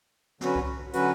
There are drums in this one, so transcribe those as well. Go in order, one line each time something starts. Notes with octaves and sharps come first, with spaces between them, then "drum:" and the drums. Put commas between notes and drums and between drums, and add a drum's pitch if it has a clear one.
D3 F#3 C#4 F#4 B4, drum: snare
drum: kick C2
D3 F#3 C#4 F#4 B4, drum: hi-hat